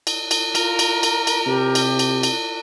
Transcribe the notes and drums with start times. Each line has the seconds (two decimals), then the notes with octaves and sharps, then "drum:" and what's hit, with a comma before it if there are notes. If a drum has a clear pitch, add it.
0.07 drum: cymbal
0.31 drum: cymbal
0.55 F4 A#4, drum: cymbal
0.79 drum: cymbal
1.03 drum: cymbal
1.27 drum: cymbal
1.47 C3 G4
1.75 drum: cymbal
1.99 drum: cymbal
2.23 drum: cymbal